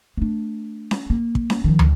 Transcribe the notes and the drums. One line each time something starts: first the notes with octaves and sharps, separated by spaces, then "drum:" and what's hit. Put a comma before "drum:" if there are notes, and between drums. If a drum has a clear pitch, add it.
A3 D4
drum: snare C#4
A#3
drum: kick
drum: snare C#4
D#3 F3
drum: tom